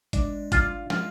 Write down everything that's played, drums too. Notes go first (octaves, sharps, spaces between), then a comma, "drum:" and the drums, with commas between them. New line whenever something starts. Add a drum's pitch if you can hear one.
G#3 D4, drum: kick G#1, hi-hat
F4, drum: kick G#1, hi-hat
G#3 F4, drum: snare